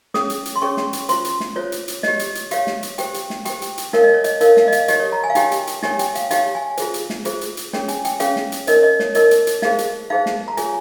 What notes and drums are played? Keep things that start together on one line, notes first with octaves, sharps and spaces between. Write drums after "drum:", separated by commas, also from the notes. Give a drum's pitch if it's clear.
C#4 G#4 C#5 D#6, drum: snare
drum: hi-hat
drum: hi-hat
C6
C#4 G#4 C#5 C#6
drum: snare
drum: hi-hat
F4 C5 C6, drum: hi-hat
drum: hi-hat
drum: snare
F4 C5 C#5
drum: hi-hat
drum: hi-hat
G4 C#5 D#5, drum: snare
drum: hi-hat
drum: hi-hat
G4 C#5 F5, drum: hi-hat
drum: snare
drum: hi-hat
G4 C5 G5, drum: hi-hat
drum: hi-hat
drum: snare
G4 C5 G5, drum: hi-hat
drum: hi-hat
drum: hi-hat
D#4 A#4 C#5 F5, drum: snare
D#5
C#5
D#5, drum: hi-hat
D#4 A#4 C#5 F5, drum: hi-hat
F5, drum: snare
D#5
F5, drum: hi-hat
D#4 G4 C#5 D#5, drum: hi-hat
C#5
A#5
G#5
F5
D#4 G4 C#5 G5, drum: hi-hat
drum: hi-hat
drum: hi-hat
D#4 G4 C#5 G#5, drum: snare
G5, drum: hi-hat
F5, drum: hi-hat
D#4 G4 C#5 F5, drum: hi-hat
G#5
F4 G#4 C5, drum: hi-hat
drum: hi-hat
drum: snare
F4 G#4 C5, drum: hi-hat
drum: hi-hat
drum: hi-hat
C#4 G#4 C#5 G5, drum: snare
G#5, drum: hi-hat
G5, drum: hi-hat
C#4 G#4 C#5 F5, drum: hi-hat
drum: snare
drum: hi-hat
D#4 A#4 C#5 D#5, drum: hi-hat
D#5
C#5, drum: snare
D#4 A#4 C#5 D#5, drum: hi-hat
drum: hi-hat
drum: hi-hat
D#4 G#4 C5 F5, drum: snare
drum: hi-hat
D#4 G#4 C5 F5
drum: snare
A#5
F4 G#4 C#5 G#5, drum: hi-hat